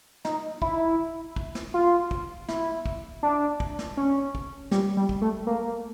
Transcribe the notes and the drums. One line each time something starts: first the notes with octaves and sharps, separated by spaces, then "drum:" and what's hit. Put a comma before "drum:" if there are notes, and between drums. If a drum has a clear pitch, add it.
D#4, drum: snare
E4, drum: kick
drum: kick
drum: snare
F4
drum: kick
E4, drum: snare
drum: kick
D4
drum: kick
drum: snare
C#4
drum: kick
G3, drum: snare
G3
drum: kick
A3
A#3